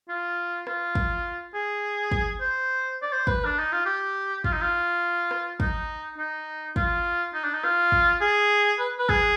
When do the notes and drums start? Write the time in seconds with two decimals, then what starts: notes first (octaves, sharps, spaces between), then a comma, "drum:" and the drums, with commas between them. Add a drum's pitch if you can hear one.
0.08 F4
0.67 F4, drum: rim click
0.95 drum: kick
1.54 G#4
2.12 drum: kick
2.41 C5
3.02 D5
3.13 C5
3.27 B4, drum: kick
3.45 D4
3.59 D#4
3.72 F4
3.85 G4
4.44 F4, drum: kick
4.52 D#4
4.61 F4
5.31 drum: rim click
5.60 D#4, drum: kick
6.18 D#4
6.76 F4, drum: kick
7.34 D#4
7.44 D4
7.54 D#4
7.64 F4, drum: rim click
7.92 drum: kick
8.21 G#4
8.79 B4
8.99 B4
9.09 G#4, drum: kick